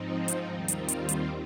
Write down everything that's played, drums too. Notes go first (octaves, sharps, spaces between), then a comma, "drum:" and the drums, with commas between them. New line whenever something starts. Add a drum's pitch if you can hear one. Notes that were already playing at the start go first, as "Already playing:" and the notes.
Already playing: G#2 F3 C4 D#4
drum: hi-hat
D#2 D#3 G3 C4 F4
drum: hi-hat
drum: hi-hat
drum: hi-hat